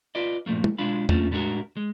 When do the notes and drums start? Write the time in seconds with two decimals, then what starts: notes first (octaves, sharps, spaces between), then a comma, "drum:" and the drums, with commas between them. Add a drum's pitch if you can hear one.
0.15 F4 B4 D5 D#5
0.46 G2 A#2 F3 A3 A#3
0.64 drum: tom
0.78 B1 G#3 D4 F4 F5 B5
1.09 A3 A#3 C#4 D4 F4, drum: tom E2
1.31 A2 G3 G#3 D4 F#4 A#4
1.77 G#3